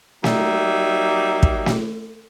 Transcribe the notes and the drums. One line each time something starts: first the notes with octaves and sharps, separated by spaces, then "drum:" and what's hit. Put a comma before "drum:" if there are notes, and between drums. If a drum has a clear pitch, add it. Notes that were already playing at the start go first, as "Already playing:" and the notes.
F#3 G3 A#3 D#4 E5, drum: snare
drum: kick
drum: snare